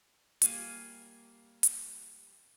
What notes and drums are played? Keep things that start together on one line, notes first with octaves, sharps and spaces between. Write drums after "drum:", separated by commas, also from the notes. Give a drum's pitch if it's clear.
G3 A#3 F5 G#5, drum: hi-hat
drum: hi-hat